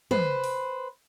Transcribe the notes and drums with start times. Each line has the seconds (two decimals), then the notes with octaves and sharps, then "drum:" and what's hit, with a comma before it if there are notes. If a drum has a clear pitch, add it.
0.11 B4 C5, drum: tom
0.44 drum: open hi-hat